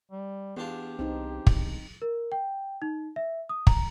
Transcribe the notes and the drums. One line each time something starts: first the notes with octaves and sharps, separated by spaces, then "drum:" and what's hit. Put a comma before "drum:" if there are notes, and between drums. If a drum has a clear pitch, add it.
G3
E2 B3 D4 F4 G4
C2 C4 D#4
drum: kick
C2
A#4
G5
D#4
E5
D#6
A#5, drum: kick